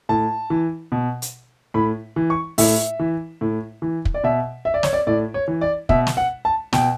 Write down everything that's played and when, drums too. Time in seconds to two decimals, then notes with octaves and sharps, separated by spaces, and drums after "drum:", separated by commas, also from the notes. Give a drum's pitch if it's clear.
0.09 A2 A5
0.50 E3
0.92 B2
1.22 drum: hi-hat
1.74 A2 B5
2.16 E3
2.30 C#6
2.58 A2 E5, drum: open hi-hat
2.99 E3
3.41 A2
3.82 E3
4.05 drum: kick
4.14 D5
4.24 B2 E5
4.65 E5
4.74 D5
4.83 C#5, drum: snare
4.93 D5
5.07 A2 D5
5.34 C#5
5.48 E3
5.61 D5
5.89 B2 E5, drum: kick
6.07 drum: snare
6.17 F#5
6.45 A5
6.73 B2 G5, drum: snare